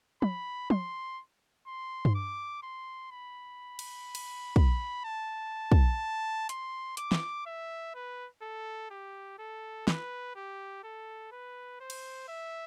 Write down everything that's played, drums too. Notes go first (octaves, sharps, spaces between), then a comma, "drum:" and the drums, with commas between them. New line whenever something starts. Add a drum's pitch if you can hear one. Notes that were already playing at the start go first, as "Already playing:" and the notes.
B5, drum: tom
C6, drum: tom
C6
drum: tom G2
D6
C6
B5
drum: cymbal
drum: cymbal
B5, drum: kick
A5
drum: kick
C6, drum: hi-hat
D6, drum: hi-hat
drum: snare
E5
B4
A4
G4
A4
B4, drum: snare
G4
A4
B4
C5
drum: cymbal
E5